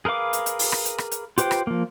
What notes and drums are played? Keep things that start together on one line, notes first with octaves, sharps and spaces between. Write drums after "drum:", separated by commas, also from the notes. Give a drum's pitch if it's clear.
G#4 A#4 B4 F5 D6
drum: hi-hat
drum: hi-hat
drum: open hi-hat
drum: rim click
drum: hi-hat
drum: rim click
drum: hi-hat
F4 G4 B4 C5 G5, drum: hi-hat
drum: rim click
F3 A#3